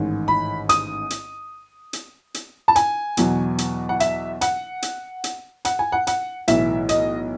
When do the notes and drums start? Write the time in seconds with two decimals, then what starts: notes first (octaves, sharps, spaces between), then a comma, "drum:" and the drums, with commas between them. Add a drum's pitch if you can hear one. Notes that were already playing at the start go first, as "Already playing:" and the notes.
Already playing: A1 G#2 D#3
0.28 B5
0.69 D#6, drum: hi-hat
1.10 drum: hi-hat
1.93 drum: hi-hat
2.34 drum: hi-hat
2.68 A5
2.76 G#5, drum: hi-hat
3.17 E2 B2 F#3, drum: hi-hat
3.58 drum: hi-hat
3.89 F#5
4.00 E5, drum: hi-hat
4.41 F#5, drum: hi-hat
4.82 drum: hi-hat
5.24 drum: hi-hat
5.65 F#5, drum: hi-hat
5.79 G#5
5.92 F#5
6.07 F#5, drum: hi-hat
6.48 B1 A2 E3 E5, drum: hi-hat
6.89 D#5, drum: hi-hat